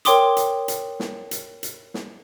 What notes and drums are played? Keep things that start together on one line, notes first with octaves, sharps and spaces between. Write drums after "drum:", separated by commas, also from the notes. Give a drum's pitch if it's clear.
A#4 C#5 G5 C6 D6 D#6, drum: hi-hat
drum: hi-hat
drum: hi-hat
drum: snare
drum: hi-hat
drum: hi-hat
drum: snare